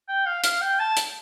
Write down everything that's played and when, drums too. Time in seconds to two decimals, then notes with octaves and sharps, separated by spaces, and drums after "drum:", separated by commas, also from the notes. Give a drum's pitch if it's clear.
0.08 G5
0.26 F5
0.44 F5, drum: hi-hat
0.62 G5
0.79 A5
0.97 drum: hi-hat